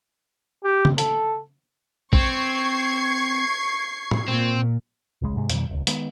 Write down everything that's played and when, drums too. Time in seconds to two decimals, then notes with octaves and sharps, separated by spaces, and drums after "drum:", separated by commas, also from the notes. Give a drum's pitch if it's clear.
0.64 G4
0.85 drum: tom C#3
0.98 A4, drum: hi-hat
2.13 C4 C#6 G#6 C7, drum: kick
4.11 drum: tom
4.28 A#2 C4
5.22 D1 A#1 C#3 G#3
5.36 G#2 C3 G#3
5.50 F2 B2 D#3 G3, drum: hi-hat
5.69 D#1 C#2
5.87 D#3 G#3 B3, drum: hi-hat